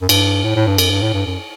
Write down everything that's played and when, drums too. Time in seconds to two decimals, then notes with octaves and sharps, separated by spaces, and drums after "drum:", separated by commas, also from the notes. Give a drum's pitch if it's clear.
0.02 F#2
0.09 G2, drum: cymbal
0.44 A2
0.56 A2
0.67 G2
0.78 F#2, drum: cymbal
0.91 G2
1.02 A2
1.14 G2
1.26 F#2